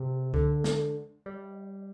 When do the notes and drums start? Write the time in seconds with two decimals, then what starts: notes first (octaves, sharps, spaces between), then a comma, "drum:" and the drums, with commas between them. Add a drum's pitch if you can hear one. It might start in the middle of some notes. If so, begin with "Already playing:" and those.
Already playing: C3
0.34 D3, drum: kick C#2
0.64 drum: snare
1.26 G3